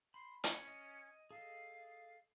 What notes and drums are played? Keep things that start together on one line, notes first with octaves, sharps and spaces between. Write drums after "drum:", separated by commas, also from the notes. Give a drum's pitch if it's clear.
B5 C6
C#4, drum: hi-hat
D#5
G#4 A4 D#5 F5